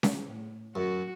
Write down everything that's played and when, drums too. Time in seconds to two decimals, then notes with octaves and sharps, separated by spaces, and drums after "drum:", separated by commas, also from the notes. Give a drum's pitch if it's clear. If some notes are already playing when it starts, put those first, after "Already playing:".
0.03 drum: snare C#4
0.25 A2
0.75 F#2 F#4